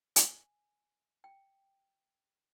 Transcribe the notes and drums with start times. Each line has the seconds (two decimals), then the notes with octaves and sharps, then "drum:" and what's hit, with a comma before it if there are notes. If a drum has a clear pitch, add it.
0.16 G#5, drum: hi-hat
1.24 G5